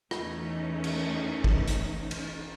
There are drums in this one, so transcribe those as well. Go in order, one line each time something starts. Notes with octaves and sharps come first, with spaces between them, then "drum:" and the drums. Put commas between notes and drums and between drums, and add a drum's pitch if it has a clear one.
E2 E3 A3 C#4 D#4, drum: rim click
drum: cymbal
drum: kick
drum: hi-hat
drum: cymbal